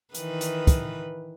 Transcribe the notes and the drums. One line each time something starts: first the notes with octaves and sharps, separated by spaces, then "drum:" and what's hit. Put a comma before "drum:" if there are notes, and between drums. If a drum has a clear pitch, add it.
D#3 E3 B4, drum: hi-hat
drum: hi-hat
drum: kick, hi-hat